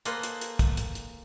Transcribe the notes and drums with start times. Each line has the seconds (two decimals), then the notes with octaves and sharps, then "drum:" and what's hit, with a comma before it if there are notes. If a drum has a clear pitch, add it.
0.05 A#3 G#4 A4 B4 C5, drum: hi-hat
0.23 drum: hi-hat
0.41 drum: hi-hat
0.59 drum: kick, hi-hat
0.77 drum: hi-hat
0.95 drum: hi-hat